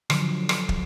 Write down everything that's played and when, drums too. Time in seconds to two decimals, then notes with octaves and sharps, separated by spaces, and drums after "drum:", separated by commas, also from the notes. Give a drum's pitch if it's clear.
0.10 D3 F3 F#3, drum: rim click
0.49 drum: rim click
0.69 drum: kick